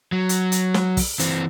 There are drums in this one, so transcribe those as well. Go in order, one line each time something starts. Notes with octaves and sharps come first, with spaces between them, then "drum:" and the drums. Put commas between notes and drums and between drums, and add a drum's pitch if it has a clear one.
F#3
drum: hi-hat
drum: hi-hat
drum: snare
drum: kick, open hi-hat
E3 C4, drum: hi-hat